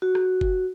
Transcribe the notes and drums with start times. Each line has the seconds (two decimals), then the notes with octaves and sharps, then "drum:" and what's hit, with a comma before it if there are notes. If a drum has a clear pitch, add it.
0.02 F#4
0.15 drum: rim click
0.41 drum: kick F#1